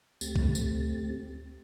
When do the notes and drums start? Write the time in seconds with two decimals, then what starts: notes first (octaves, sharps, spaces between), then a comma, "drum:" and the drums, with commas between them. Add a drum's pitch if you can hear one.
0.21 D2 A3 C4 G4 A6, drum: tambourine
0.36 drum: kick
0.55 drum: tambourine